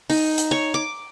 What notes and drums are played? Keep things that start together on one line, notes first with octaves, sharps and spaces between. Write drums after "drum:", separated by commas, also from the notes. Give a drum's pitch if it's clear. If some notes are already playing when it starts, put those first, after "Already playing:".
D#4, drum: open hi-hat
drum: hi-hat
C#5
D6